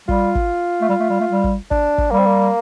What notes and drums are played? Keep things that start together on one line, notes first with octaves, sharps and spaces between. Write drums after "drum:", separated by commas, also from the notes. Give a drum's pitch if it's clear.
G3 F4, drum: kick
drum: kick
A3
G3
A3
G3
A3
G3
drum: kick
D4, drum: kick
drum: kick
G3 A#3
C4
A#3